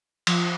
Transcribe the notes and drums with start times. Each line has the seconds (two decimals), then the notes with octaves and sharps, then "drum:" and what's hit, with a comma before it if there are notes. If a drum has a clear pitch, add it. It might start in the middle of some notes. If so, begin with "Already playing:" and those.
0.27 F3, drum: cymbal